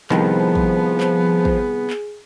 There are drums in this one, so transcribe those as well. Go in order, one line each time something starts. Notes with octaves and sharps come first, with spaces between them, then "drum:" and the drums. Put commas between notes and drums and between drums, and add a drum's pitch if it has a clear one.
C2 D#3 F3 B3 G#4, drum: clap
drum: kick
drum: clap
drum: kick
drum: clap